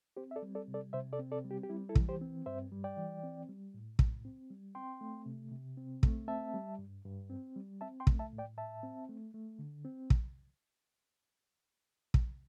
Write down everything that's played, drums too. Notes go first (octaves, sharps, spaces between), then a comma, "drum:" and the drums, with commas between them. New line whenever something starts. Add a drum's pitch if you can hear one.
C4 G4 C5
E5
A4 D5
G3
A4 D5
C3
A4 D5
C3 C5 E5
A4 D5
C4
A4 D5
G3
G4
G4
G3 E4
E4 A4
E3, drum: kick
G4 C5
C4
G2 C5 E5
G3
D5 G5
E3
C4
G3
A2
A2, drum: kick
C4
G3
C4 G5 C6
A3
C3
C3
C4
A3, drum: kick
C4 E5 A5
G3
G2
G2
C4
G3
C4 E5 A5
G5 C6
A3, drum: kick
E5 A5
A2
D5 G5
A2 E5 A5
C4
A3
A3
D3
C4
drum: kick
drum: kick